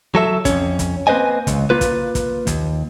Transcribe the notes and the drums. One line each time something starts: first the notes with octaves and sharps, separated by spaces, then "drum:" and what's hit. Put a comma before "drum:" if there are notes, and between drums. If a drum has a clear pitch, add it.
F#3 A4 E5
F2 C#4, drum: kick, hi-hat
drum: kick, hi-hat
A#3 C4 B4 C5 D#5 G#5
C#2, drum: kick, hi-hat
A#3 F4 B4
drum: kick, hi-hat
drum: kick, hi-hat
D#2, drum: kick, hi-hat